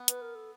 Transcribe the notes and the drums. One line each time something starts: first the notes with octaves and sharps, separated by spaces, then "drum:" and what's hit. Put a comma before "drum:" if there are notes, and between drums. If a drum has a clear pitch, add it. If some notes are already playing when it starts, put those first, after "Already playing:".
Already playing: B3
B4, drum: hi-hat
A#4
A4